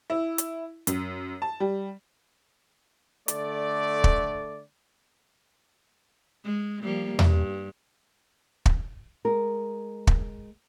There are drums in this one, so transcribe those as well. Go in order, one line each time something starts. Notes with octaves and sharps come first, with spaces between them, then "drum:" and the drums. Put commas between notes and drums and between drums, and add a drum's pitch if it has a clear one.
E4
drum: hi-hat
F#2, drum: hi-hat
A5
G3
D3 A3 D5, drum: hi-hat
drum: kick
G#3
F3 G3 A#3
G2, drum: tom E2
drum: kick
G#3 A#4
drum: kick